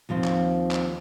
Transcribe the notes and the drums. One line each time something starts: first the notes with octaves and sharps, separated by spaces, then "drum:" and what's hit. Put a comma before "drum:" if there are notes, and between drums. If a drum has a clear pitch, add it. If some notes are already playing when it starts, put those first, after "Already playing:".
D#2 F3 C4 C5
drum: clap
drum: clap